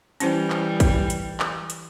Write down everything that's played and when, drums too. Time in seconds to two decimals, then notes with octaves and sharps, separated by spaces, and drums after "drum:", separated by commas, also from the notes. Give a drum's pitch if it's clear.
0.20 E3 G3 C#4 E4 C5, drum: hi-hat
0.50 drum: clap
0.80 drum: kick, hi-hat
1.10 drum: hi-hat
1.40 drum: clap
1.70 drum: hi-hat